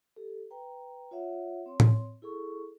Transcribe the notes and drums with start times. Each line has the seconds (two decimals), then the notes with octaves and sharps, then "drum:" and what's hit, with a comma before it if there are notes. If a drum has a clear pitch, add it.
0.16 G4 A4
0.51 B4 G5 A#5
1.11 F4 C#5 E5 F#5
1.66 C4 C#5 C6
1.80 drum: tom A2
2.22 E4 G#4 A4 C#6